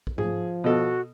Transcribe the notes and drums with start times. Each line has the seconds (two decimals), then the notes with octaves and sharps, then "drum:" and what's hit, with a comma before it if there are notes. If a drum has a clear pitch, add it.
0.07 drum: kick
0.18 F3 G#4, drum: tom
0.64 B2 F#4 A4